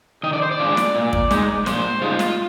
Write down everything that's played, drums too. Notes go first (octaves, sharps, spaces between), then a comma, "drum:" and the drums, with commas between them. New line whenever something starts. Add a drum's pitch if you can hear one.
D#3 D#5
D5
C5
D5
G#3 D4 F4
drum: snare
A#2
drum: kick
G#3 D#4, drum: snare
A#2 C5, drum: snare
G#3 D#4 F4
drum: snare